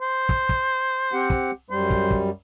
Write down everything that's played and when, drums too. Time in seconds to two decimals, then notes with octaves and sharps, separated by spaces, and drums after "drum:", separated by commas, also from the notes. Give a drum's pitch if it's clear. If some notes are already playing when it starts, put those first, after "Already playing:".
0.01 C5
0.29 drum: kick
0.49 drum: kick
1.13 C4 G4 F#5
1.30 drum: kick
1.70 F#2 G3 C5
1.90 drum: kick
2.11 drum: kick